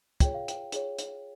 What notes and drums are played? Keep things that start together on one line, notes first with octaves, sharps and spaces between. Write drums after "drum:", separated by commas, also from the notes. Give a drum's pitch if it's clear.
F4 G#4 C#5 G5, drum: kick, hi-hat
F5
G5, drum: hi-hat
F4 G#4 C#5, drum: hi-hat
drum: hi-hat